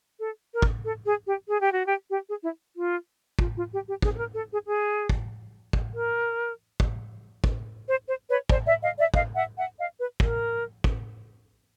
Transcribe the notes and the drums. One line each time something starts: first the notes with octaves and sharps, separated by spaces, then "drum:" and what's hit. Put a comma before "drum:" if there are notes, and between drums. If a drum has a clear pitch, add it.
A4
A#4
drum: kick
A4
G#4
G4
G#4
G4
F#4
G4
G4
G#4
E4
F4
F4, drum: kick
F4
G4
G4
G#4, drum: kick
A4
A#4
A4
G#4
G#4
drum: kick
drum: kick
A#4
drum: kick
drum: kick
C5
C5
B4 C#5
C5 D5, drum: kick
D5 E5
D#5 F5
D5 E5
D#5 F5, drum: kick
E5 F#5
E5 F#5
D#5 F5
B4
A#4, drum: kick
drum: kick